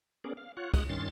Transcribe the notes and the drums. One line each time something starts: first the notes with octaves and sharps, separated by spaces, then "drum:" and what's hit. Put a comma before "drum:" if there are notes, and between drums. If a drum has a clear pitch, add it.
B3 C#4 G#4 A#4 D5
F5
F4 C#5 F#5
G#3 D#6 F#6, drum: kick, cymbal
G2 D#3 C#4 C6 A6